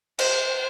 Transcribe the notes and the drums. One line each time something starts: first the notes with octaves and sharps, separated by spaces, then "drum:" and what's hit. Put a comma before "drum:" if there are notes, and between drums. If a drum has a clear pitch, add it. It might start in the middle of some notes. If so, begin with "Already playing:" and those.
C5, drum: cymbal